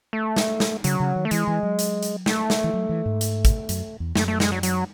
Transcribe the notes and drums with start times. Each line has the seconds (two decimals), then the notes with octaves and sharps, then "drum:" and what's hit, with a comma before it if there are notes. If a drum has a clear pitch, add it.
0.13 A3
0.37 drum: snare
0.60 drum: snare
0.84 C#3 F#3, drum: hi-hat
1.00 C#3
1.16 D#3
1.25 A3
1.31 E3 G#3, drum: hi-hat
1.47 E3
1.63 F#3
1.79 drum: hi-hat
2.02 drum: hi-hat
2.26 A3, drum: snare
2.50 drum: snare
2.64 E3
2.74 F#3
2.89 E3
3.06 G#2
3.21 drum: hi-hat
3.45 drum: kick, hi-hat
3.69 F#2, drum: hi-hat
4.00 E2
4.16 F#2 A3, drum: snare
4.28 A3
4.40 G#3, drum: snare
4.52 F#3
4.63 F#3, drum: hi-hat